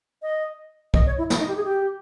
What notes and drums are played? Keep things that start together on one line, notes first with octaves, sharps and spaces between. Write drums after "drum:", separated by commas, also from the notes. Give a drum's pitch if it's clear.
D#5
D#5, drum: kick C2
C#5
E4
E4, drum: snare
D#4
G4
G#4
G4